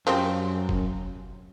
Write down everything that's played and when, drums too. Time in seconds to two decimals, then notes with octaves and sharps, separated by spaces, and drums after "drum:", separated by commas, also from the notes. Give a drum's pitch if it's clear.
0.07 F#2 F3 G3 C4
0.69 drum: kick F1